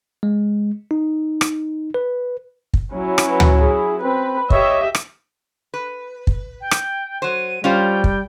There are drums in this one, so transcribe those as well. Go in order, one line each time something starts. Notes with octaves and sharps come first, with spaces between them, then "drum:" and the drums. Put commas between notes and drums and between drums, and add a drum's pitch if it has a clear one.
G#3
D#4
drum: rim click
B4
drum: kick
F#3 C#4 E4
drum: rim click
B4
drum: tom D2
G#4
C4 B4
G4 C#5 D#5 E5, drum: kick
drum: rim click
B4
drum: kick
G5
drum: rim click
F#3 C5 D#7
G3 C#4 F4 C5 G5
drum: kick